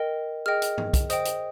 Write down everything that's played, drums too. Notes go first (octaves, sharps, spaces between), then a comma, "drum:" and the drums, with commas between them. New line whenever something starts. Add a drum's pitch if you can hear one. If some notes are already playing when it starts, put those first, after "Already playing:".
Already playing: A#4 D#5 G5
G#4 D#5 G5 F6
drum: hi-hat
drum: tom G#2
drum: kick, hi-hat
C5 D#5 G5 D#6, drum: hi-hat
drum: hi-hat